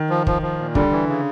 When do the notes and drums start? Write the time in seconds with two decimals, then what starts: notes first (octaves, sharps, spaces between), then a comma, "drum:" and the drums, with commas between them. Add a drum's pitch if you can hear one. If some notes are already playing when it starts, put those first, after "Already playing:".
Already playing: D#3
0.10 F3
0.27 F3, drum: kick
0.42 F3
0.59 A#2
0.75 D3 G3, drum: kick
0.91 E3
1.08 C#3